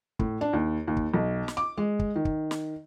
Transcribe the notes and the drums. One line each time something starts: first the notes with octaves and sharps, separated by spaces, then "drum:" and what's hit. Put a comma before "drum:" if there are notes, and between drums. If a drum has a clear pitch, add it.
A2, drum: kick
D4
D#2
D#2
drum: kick
B1
drum: snare
D6
G#3
drum: kick
D#3
drum: kick
drum: snare